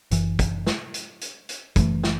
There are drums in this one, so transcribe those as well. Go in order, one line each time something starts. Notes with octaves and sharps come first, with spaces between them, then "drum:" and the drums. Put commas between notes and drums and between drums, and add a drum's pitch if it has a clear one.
F#1 F#2 E3, drum: hi-hat
drum: kick, hi-hat
drum: snare
drum: hi-hat
drum: hi-hat
drum: hi-hat
F#1 F#2 E3 A3, drum: kick, hi-hat
drum: snare